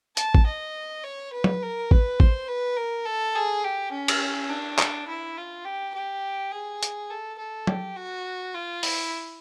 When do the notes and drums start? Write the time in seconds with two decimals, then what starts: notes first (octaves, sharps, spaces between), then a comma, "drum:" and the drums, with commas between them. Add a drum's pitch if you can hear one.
0.17 A5, drum: hi-hat
0.35 drum: kick A1
0.47 D#5
1.04 C#5
1.33 B4
1.44 drum: tom F#3
1.62 A#4
1.91 B4, drum: kick A1
2.20 C5, drum: kick A1
2.48 B4
2.77 A#4
3.06 A4
3.36 G#4
3.64 G4
3.92 C#4
4.08 drum: cymbal
4.50 D4
4.79 drum: clap
5.08 E4
5.37 F4
5.65 G4
5.95 G4
6.52 G#4
6.83 drum: hi-hat
7.10 A4
7.39 A4
7.67 G4, drum: tom F#3
7.96 F#4
8.54 F4
8.83 E4, drum: open hi-hat